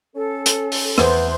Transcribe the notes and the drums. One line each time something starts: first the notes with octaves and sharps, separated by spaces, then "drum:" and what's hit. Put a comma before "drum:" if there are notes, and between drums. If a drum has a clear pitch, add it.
C#4 A4
drum: hi-hat
drum: open hi-hat
E2 B3 C5, drum: rim click